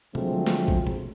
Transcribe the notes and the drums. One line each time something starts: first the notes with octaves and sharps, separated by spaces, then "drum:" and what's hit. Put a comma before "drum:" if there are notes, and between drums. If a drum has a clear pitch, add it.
D3 F3 F#3 G#3 A3 C4, drum: tom
drum: snare
drum: kick
drum: tom